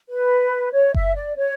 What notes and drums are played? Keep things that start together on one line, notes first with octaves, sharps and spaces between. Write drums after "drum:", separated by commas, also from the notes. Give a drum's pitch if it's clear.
B4
C#5
E5, drum: kick F#1
D5
C#5